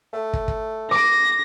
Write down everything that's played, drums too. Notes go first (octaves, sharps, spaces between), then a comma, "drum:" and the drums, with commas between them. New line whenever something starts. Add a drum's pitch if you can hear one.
A3
drum: kick
drum: kick
D6 A#6 D7